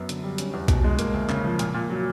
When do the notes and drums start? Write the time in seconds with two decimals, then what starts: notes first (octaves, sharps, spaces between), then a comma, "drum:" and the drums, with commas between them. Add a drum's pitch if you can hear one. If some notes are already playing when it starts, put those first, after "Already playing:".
Already playing: F#2 B3
0.09 D3, drum: hi-hat
0.24 G3
0.38 C#4, drum: hi-hat
0.54 E2
0.68 B2, drum: kick B1, hi-hat
0.84 G#3
0.99 A#3, drum: hi-hat
1.14 D2
1.29 C#3, drum: clap
1.45 F3
1.59 A#2, drum: hi-hat
1.74 A#2
1.90 F#3